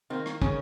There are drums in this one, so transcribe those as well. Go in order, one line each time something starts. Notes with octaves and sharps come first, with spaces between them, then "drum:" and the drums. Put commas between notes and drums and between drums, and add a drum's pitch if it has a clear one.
D#3 A#3 C4
drum: rim click
C#3 C#4, drum: kick